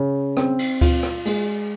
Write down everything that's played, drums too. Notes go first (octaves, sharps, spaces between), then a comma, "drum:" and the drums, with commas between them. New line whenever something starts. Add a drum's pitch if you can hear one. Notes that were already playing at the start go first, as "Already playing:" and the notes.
Already playing: C#3
C4, drum: rim click
drum: cymbal
F4, drum: kick D2, cymbal
drum: rim click
G#3, drum: cymbal